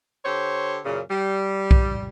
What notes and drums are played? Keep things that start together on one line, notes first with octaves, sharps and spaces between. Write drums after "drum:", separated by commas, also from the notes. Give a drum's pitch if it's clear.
D3 G4 C5 C#5
F#2 A#2 C#3
G3
drum: kick B1